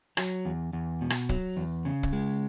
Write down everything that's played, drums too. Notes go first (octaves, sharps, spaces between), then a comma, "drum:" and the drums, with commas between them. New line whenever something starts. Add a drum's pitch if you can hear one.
F#3, drum: rim click
E2
E2
B2
drum: rim click
F#3, drum: kick
E2
C#3
drum: kick
G#3